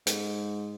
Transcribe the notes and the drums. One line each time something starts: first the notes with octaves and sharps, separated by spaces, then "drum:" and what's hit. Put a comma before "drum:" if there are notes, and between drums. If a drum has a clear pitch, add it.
G#2, drum: hi-hat